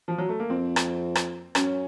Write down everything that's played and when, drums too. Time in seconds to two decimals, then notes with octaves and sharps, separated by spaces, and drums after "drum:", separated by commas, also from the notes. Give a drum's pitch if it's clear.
0.08 F3
0.18 F#3
0.29 A3
0.40 A#3
0.50 F2 C4
0.76 drum: rim click
1.15 drum: rim click
1.55 F#2 C#4, drum: rim click